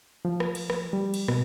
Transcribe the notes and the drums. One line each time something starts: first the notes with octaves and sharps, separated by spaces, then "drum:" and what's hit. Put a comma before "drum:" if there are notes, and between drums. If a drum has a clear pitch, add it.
F3
drum: rim click
drum: cymbal
drum: rim click
G3
drum: cymbal
B2, drum: rim click